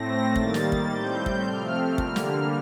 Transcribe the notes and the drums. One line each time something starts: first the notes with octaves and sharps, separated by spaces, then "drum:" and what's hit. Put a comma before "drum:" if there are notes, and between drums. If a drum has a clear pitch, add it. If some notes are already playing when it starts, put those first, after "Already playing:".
Already playing: A2 A3 C4 A#6
D#3 G3 A#3 A6, drum: kick
drum: snare
drum: kick
A2 G3 C4 G6
drum: kick
C3 F3 A3 C4 F6
D3 G3 A#3, drum: kick
drum: snare